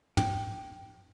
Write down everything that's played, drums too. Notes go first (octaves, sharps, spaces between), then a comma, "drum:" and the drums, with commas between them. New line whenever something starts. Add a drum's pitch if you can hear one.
G5, drum: tom